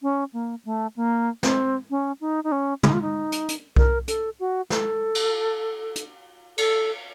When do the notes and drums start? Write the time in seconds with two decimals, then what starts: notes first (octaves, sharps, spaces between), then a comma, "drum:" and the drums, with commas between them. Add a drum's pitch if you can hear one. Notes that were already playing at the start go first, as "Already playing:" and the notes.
0.02 C#4
0.33 A#3
0.65 A3
0.96 A#3
1.43 C4, drum: snare
1.90 C#4
2.21 D#4
2.44 D#4
2.52 C#4
2.83 D#4, drum: tom
2.93 F4
3.02 D#4
3.32 drum: hi-hat
3.49 drum: hi-hat
3.76 A#4, drum: kick B1
4.08 A4, drum: hi-hat
4.40 F#4
4.70 A4, drum: snare
5.15 drum: cymbal
5.96 drum: hi-hat
6.58 A4, drum: cymbal